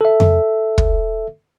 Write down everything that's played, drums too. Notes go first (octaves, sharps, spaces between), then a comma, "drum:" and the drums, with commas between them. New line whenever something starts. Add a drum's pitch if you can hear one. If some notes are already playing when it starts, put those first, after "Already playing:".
A4 E5
drum: tom F2
drum: kick